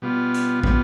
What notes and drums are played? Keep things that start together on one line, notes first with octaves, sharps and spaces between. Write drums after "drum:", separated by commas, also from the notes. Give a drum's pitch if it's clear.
B2 G3 B3 F4
drum: hi-hat
B2 G3 B3 F4, drum: kick